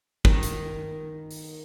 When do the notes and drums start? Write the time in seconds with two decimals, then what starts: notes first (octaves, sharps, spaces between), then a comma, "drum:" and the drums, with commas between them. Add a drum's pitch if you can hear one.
0.25 D#3, drum: kick
0.43 drum: hi-hat
1.31 drum: open hi-hat